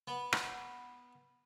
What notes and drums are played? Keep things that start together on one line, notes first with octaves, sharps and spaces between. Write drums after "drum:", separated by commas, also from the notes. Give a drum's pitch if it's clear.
B3
drum: rim click